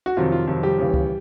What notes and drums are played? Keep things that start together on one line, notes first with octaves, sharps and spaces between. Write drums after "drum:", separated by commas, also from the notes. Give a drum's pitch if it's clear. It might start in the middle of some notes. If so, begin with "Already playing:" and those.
F#4
F2 C3 D#3 F#3 F4
F4
F2 C3 D#3 F#3
G3 G4
D#2 C#3 E3
drum: kick C#2